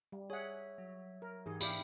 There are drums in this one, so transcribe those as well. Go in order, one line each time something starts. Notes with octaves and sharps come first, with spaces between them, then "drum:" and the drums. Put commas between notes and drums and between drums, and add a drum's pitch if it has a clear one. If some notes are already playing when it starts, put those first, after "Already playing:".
G3
G#4 C#5 E5 F#5
F#3
A#4
G#2 E3 D#4 G4 G#4
G4 D5 E5 F5 G5 B5, drum: tambourine